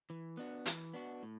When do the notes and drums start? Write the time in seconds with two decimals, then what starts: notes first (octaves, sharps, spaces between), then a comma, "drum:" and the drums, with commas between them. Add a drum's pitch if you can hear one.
0.10 E3
0.37 B3 D4 F#4
0.66 E3, drum: hi-hat
0.94 B3 D4 F#4
1.23 A2